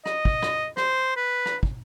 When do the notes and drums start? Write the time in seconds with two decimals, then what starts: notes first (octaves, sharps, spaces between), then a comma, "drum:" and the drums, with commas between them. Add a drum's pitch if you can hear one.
0.06 D#5, drum: rim click
0.25 drum: kick
0.43 drum: rim click
0.77 C5, drum: rim click
1.16 B4
1.46 drum: rim click
1.63 drum: kick